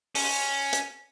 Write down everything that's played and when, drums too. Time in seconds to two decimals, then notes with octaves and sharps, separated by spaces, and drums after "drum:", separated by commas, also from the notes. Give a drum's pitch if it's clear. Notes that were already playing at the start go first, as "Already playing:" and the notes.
0.15 C#4, drum: open hi-hat
0.73 drum: hi-hat